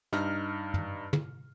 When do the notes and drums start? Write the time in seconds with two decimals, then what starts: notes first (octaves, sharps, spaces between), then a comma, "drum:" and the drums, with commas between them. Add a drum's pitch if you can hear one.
0.13 G2 D#4 F6, drum: snare
0.74 drum: tom F#2
1.13 drum: tom